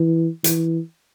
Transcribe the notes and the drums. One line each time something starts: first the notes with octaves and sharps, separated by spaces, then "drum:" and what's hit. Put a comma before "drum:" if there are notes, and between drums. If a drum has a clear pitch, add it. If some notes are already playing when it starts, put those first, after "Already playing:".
Already playing: E3
E3, drum: hi-hat